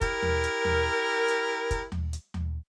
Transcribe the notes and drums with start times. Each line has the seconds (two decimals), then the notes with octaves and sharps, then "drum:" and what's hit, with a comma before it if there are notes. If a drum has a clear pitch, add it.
0.01 E4 G4 A#4, drum: kick, hi-hat
0.22 drum: tom D#2
0.44 drum: hi-hat
0.65 drum: tom D#2
1.28 drum: hi-hat
1.71 drum: kick, hi-hat
1.92 drum: tom D#2
2.13 drum: hi-hat
2.34 drum: tom D#2